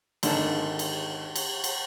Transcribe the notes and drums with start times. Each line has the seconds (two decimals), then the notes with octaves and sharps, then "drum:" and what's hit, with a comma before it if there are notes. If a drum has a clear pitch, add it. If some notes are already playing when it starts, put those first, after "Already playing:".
0.23 G#1 D3 D#3 A5, drum: cymbal
0.79 drum: cymbal
1.36 drum: cymbal
1.64 drum: cymbal